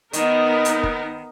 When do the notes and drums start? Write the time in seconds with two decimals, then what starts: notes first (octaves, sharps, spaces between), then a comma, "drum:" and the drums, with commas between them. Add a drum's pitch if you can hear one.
0.13 D#3 B3 D#4 A#4, drum: hi-hat
0.65 drum: hi-hat
0.83 drum: kick